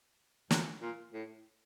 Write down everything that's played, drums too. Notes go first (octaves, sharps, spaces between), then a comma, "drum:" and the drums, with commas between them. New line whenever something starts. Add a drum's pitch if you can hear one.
F#2, drum: snare
A#2
A2